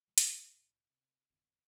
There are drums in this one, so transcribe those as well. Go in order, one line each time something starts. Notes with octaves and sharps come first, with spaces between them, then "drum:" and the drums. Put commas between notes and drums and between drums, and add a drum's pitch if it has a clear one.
B2 E3 G#3
drum: hi-hat
C2 A2
C3
G#1 F2 B2 D3